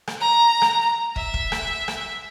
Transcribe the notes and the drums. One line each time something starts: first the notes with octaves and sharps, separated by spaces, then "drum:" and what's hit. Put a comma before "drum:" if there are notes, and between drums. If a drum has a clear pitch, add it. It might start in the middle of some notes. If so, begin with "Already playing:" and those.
drum: rim click
A#5
drum: rim click
E5, drum: kick
drum: kick
drum: rim click
drum: rim click